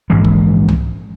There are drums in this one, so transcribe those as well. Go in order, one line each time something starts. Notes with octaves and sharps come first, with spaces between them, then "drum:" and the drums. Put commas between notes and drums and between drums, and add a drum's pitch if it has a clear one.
A#1 G#2 E3 G#3
drum: kick
drum: tom C2